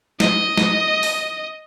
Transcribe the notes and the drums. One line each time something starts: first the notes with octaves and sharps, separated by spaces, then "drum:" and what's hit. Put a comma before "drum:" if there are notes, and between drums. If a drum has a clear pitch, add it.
D#5, drum: snare
drum: snare
drum: open hi-hat